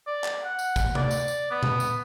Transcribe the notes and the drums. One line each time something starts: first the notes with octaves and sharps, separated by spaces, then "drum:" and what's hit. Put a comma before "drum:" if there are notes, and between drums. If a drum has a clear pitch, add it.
D5
drum: clap
F#5
drum: tambourine
drum: kick, tambourine
D5, drum: tom C3
drum: tambourine
drum: tambourine
B3
drum: tom A#2
drum: tambourine